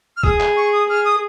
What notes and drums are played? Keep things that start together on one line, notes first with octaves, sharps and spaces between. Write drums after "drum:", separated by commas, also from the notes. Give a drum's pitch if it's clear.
F6
G#4 D#6, drum: kick A#1
drum: clap
C#6
D#6
G#4 F6
D#6